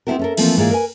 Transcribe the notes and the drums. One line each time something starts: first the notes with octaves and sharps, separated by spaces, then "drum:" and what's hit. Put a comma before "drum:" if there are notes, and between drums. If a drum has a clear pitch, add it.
B3 C4 D#4 E4 F#4 A#4
C#4 A4 A#4
E3 F3 A3 A#3 C4, drum: cymbal
G#2 E3 A#3 F4 G#4 D5
A#4 B4 G#5